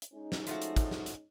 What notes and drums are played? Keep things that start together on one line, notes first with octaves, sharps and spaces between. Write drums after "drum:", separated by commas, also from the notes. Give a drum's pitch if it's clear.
drum: hi-hat
G#3 C#4 D#4
drum: snare
F3 A3 F#4, drum: hi-hat
drum: hi-hat
drum: kick, hi-hat
drum: snare
drum: hi-hat